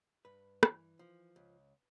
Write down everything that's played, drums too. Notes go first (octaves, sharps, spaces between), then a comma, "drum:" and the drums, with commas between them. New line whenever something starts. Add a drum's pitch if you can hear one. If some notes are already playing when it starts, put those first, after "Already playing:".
G2 B4
E3, drum: rim click
F3
C#2